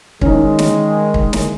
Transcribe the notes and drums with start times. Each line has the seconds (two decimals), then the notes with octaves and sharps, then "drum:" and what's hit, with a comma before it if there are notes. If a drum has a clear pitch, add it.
0.21 D#3 G#3 C#4 D#4, drum: kick
0.59 drum: snare
1.14 drum: kick
1.33 drum: snare